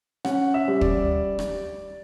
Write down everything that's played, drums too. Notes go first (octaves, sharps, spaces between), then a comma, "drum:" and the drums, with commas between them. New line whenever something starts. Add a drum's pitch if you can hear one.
C#4 F#5, drum: rim click
E5
G3
D5, drum: kick
drum: rim click